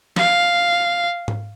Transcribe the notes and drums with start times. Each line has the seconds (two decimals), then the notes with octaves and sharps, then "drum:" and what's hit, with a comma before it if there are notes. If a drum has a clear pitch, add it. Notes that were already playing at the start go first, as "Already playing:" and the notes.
0.16 F5, drum: snare
1.28 drum: tom G#2